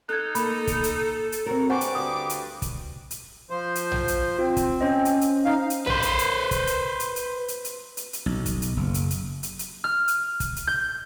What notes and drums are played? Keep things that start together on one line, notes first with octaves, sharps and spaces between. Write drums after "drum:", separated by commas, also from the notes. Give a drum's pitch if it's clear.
D#4 A4 F#6 G#6
A#3 B5, drum: hi-hat
drum: kick, hi-hat
drum: hi-hat
drum: hi-hat
C4 F#4 A#4
G2 C5 F#5 G#5 C#6 D6
drum: hi-hat
D2 D#6
drum: hi-hat
drum: kick, hi-hat
drum: hi-hat
F3 C5
drum: hi-hat
drum: tom A#1
drum: hi-hat
C4 F4
drum: kick, hi-hat
C#4 C5 D#5
drum: hi-hat
drum: hi-hat
D#4 F5
drum: hi-hat
B4 C5, drum: tom A#1
drum: hi-hat
drum: hi-hat
drum: kick, hi-hat
drum: hi-hat
drum: hi-hat
drum: hi-hat
drum: hi-hat
drum: hi-hat
drum: hi-hat
drum: hi-hat
B1
drum: kick, hi-hat
drum: hi-hat
F#1
drum: hi-hat
drum: hi-hat
drum: hi-hat
drum: hi-hat
F6
drum: hi-hat
drum: kick, hi-hat
drum: hi-hat
G6